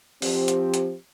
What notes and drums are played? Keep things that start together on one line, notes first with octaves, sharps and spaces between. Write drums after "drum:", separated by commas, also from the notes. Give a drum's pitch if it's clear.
F3 C4 G4, drum: open hi-hat
drum: hi-hat
drum: hi-hat